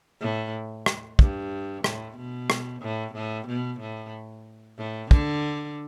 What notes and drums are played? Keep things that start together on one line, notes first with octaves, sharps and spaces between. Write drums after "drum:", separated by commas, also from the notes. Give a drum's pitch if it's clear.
A2
drum: rim click
G2, drum: kick
A2, drum: rim click
B2
drum: rim click
A2
A2
B2
A2
A2
D3, drum: kick